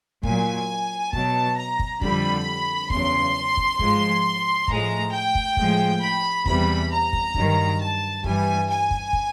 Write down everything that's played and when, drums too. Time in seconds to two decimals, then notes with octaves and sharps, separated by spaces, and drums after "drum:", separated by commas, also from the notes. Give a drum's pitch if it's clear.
0.23 A#2 F#3 G#5, drum: kick
1.13 B2 F#3 A5, drum: kick
1.57 A#5
1.79 drum: kick
2.01 F2 D3 G3 B5, drum: kick
2.90 E2 C#3 F#3 C6, drum: kick
3.57 drum: kick
3.79 G#2 F3 G#3, drum: kick
4.68 A2 F3 G#3 A#5, drum: kick
5.13 G5
5.35 drum: kick
5.57 A2 F3 G#3, drum: kick
6.01 B5
6.46 E2 C3 E3 G3 B5, drum: kick
6.91 A#5
7.13 drum: kick
7.35 G2 D#3 F#3, drum: kick
7.80 A5
8.24 G2 E3 G3 G#5, drum: kick
8.69 G#5
8.91 drum: kick
9.13 drum: kick